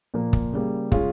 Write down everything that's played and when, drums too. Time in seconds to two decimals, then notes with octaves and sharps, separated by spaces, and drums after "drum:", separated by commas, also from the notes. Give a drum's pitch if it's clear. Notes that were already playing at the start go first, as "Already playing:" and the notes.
0.14 A#2 F3 A#3
0.33 drum: kick
0.53 C#3 G3 A#3
0.92 C#3 G#3 C#4 F4, drum: kick